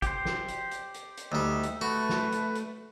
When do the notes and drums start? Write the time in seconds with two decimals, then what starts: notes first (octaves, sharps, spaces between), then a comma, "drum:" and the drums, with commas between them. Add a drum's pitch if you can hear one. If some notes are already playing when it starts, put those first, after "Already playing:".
0.02 G4 C5, drum: kick, hi-hat
0.25 drum: snare
0.48 drum: hi-hat
0.71 drum: hi-hat
0.94 drum: hi-hat
1.17 drum: hi-hat
1.32 D2 G3 D#4 E6
1.63 drum: hi-hat
1.81 A3 F#4 B4
2.09 drum: snare
2.32 drum: hi-hat
2.55 drum: hi-hat